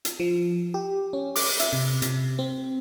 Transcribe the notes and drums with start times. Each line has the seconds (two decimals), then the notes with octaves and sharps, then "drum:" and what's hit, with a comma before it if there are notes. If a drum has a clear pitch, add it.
0.05 drum: hi-hat
0.20 F3
0.74 G4
1.13 C#4
1.36 D6, drum: open hi-hat
1.60 E5, drum: hi-hat
1.73 C3
2.02 C3, drum: hi-hat
2.39 C4